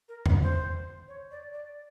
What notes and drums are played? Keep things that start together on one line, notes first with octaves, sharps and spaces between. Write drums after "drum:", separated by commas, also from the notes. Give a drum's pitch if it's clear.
A#4
B4, drum: tom E2
C5
C#5
D5
D5